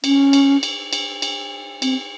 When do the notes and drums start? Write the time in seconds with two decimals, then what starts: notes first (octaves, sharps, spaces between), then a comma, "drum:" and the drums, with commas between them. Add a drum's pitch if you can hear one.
0.04 C#4, drum: cymbal
0.33 drum: cymbal
0.63 drum: cymbal
0.93 drum: cymbal
1.22 drum: cymbal
1.82 C4, drum: cymbal